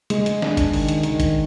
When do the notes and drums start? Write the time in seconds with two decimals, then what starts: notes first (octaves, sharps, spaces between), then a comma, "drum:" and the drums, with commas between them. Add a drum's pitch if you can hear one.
0.10 G#3, drum: hi-hat
0.26 drum: hi-hat
0.42 D4, drum: snare
0.57 drum: kick G#1, hi-hat
0.74 D#3, drum: open hi-hat
0.88 drum: hi-hat
1.03 D#3, drum: hi-hat
1.20 drum: kick G#1, hi-hat